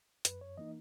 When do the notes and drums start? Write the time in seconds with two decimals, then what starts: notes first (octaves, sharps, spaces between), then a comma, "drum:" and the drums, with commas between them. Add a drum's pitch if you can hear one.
0.25 F#2 B4, drum: hi-hat
0.41 C#5
0.57 E3 A#3 D#4 D#5